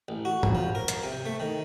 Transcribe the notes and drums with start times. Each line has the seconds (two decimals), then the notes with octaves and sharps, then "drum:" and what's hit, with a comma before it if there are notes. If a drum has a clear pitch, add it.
0.08 A1
0.25 F#4
0.43 drum: tom G#2
0.55 F3
0.75 A#4
0.88 drum: hi-hat
1.03 C3
1.26 A3
1.40 D#3